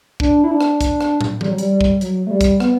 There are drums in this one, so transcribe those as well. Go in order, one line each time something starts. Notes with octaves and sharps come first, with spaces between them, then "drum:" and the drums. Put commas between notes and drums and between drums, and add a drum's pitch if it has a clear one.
D4, drum: kick
E4
D4
drum: rim click
drum: kick, hi-hat
drum: rim click
drum: tom
G3, drum: tom E3
F#3
G3, drum: hi-hat
G3
drum: kick
F#3, drum: hi-hat
A3
G3
drum: kick, hi-hat
B3, drum: rim click